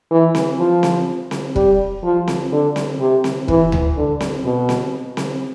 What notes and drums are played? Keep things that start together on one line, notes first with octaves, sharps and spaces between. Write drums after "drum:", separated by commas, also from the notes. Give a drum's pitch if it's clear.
E3
drum: snare C4
F3
drum: snare C4
drum: snare C4
G3, drum: kick F1
F3
drum: snare C4
D3
drum: snare C4
C3
drum: snare C4
E3, drum: kick F1
drum: tom D2
D3
drum: snare C4
B2
drum: snare C4
drum: snare C4